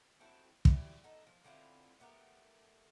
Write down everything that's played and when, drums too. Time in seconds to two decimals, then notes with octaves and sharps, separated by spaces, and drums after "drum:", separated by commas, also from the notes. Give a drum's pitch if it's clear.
0.20 C4 E4 F#4 A4
0.65 B2 G3 E4 G4, drum: kick
1.03 B3 D#4 A4
1.27 F3
1.44 D3 C4 E4 F4
2.00 A3 B3 G4 A#4